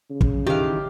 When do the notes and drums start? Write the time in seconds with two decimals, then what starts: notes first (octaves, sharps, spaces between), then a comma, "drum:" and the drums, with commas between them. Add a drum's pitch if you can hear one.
0.10 C#3
0.21 drum: kick
0.47 D#3 E3 G4 F5